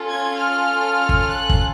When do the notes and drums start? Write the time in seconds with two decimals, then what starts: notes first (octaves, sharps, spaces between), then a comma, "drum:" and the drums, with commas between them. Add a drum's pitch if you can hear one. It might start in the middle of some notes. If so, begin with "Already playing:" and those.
Already playing: C#4 F4 A4
0.08 G#6
0.38 F6
1.09 drum: kick
1.29 F#6
1.49 drum: kick